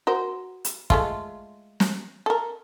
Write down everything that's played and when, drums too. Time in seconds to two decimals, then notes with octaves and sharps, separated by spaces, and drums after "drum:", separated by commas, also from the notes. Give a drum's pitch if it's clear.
0.07 F#4 A#4 C5
0.65 drum: hi-hat
0.90 G#3 A3 F4, drum: kick
1.80 drum: snare
2.26 A4 A#4